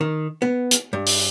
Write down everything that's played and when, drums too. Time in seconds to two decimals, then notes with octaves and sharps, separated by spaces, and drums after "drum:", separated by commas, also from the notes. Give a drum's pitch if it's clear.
0.01 D#3
0.42 B3
0.71 drum: hi-hat
0.93 G2
1.07 drum: open hi-hat